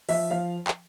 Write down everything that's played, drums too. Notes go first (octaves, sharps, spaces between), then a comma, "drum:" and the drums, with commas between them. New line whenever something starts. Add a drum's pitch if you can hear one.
F3 E5, drum: open hi-hat
F3 F5
drum: clap